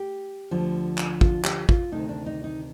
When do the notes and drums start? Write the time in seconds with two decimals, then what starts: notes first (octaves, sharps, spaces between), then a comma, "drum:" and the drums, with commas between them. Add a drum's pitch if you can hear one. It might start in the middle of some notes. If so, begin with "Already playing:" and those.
Already playing: G4
0.51 D2 D3 F3
0.98 drum: clap
1.21 F4, drum: kick
1.44 G4, drum: clap
1.69 F4, drum: kick
1.92 D2 C3 D#3 D#4
2.09 D4
2.26 D#4
2.44 D#4